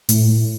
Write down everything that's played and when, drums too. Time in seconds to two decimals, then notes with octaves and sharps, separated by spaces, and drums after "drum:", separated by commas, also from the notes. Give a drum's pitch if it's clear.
0.09 A2, drum: hi-hat